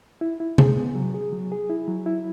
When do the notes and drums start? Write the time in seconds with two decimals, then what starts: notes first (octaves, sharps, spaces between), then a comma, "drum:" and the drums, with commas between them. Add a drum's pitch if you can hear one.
0.21 E4
0.40 E4
0.58 G#4, drum: tom C3
0.77 B3
0.95 F#3
1.14 G#4
1.32 F#3
1.52 G#4
1.70 E4
1.88 F#3
2.06 E4